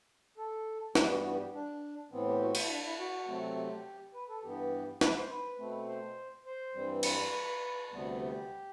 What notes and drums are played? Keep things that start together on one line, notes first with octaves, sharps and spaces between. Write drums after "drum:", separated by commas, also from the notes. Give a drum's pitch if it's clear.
A4
G2 E3 G3 B3 G4, drum: snare
F#4
F#4
G4
D4
A2 E3 B3 C4
G4
F#4
E4, drum: cymbal
D4
E4
F#4
C3 F#3 A3 C4
G4
B4
A4
G2 E3 B3 G4
B4, drum: snare
C5
B4
B2 A3 C4
C5
C5
G2 E3 G3 C4
B4, drum: cymbal
D2 C3 G3 B3
G4